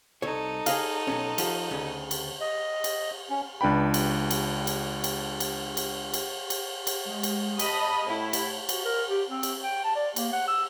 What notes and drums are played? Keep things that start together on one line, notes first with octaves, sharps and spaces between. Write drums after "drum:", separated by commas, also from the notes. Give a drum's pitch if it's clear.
C2 D#4 A4 C#5
G#4 D#5 F5, drum: cymbal
B1 G2 C#4
F3, drum: cymbal
D2 C#3
drum: cymbal
D#5
drum: cymbal
C#4
C#2 D4 B4 G5 B5
drum: cymbal
drum: cymbal
drum: cymbal
drum: cymbal
drum: cymbal
drum: cymbal
drum: cymbal
drum: cymbal
drum: cymbal
G#3
drum: cymbal
D#5 A5 B5 D#6, drum: cymbal
A2 E4
drum: cymbal
F#4, drum: cymbal
A#4
G4
C4
drum: cymbal
G5
A5
D5
A#3, drum: cymbal
F#5
E6